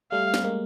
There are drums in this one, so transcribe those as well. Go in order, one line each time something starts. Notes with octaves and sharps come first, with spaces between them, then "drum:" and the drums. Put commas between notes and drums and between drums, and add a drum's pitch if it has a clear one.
G3 A3 F5
drum: snare
G#3 A#3